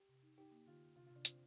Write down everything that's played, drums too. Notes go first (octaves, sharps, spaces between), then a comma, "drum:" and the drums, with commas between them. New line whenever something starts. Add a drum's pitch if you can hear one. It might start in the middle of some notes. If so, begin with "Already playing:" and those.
Already playing: G4
C3
D#4
D#4 G4
A#3
D3 F4
A#3
C3 F4
F4
C3 D4
C4 F4, drum: hi-hat